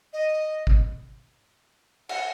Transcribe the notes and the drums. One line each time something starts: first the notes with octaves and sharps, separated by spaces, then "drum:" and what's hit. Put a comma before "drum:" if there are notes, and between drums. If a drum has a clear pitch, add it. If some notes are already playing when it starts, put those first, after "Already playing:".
D#5
drum: kick
F#5, drum: cymbal